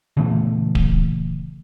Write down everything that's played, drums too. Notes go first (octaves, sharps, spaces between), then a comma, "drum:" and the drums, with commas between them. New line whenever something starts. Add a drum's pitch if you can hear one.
A#2 C#3 E3 A3
drum: kick D1